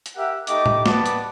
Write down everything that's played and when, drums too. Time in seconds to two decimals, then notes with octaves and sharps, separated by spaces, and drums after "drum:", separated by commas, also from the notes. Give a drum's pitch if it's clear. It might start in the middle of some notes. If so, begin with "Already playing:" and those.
0.06 drum: hi-hat
0.16 G4 A#4 E5 F#5
0.47 A3 D#4 G4 D#5 D6, drum: hi-hat
0.66 drum: tom A2
0.86 G3 B3 A5 D6, drum: snare
1.06 drum: hi-hat